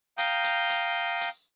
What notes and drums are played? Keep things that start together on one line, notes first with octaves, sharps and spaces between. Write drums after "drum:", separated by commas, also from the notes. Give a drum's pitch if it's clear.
F5 G5 A#5 D#6 G6, drum: hi-hat
drum: hi-hat
drum: hi-hat
drum: hi-hat